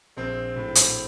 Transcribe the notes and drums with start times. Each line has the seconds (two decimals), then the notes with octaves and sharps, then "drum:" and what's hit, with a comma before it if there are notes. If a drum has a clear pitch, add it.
0.17 A#1 C4
0.56 A2
0.75 drum: hi-hat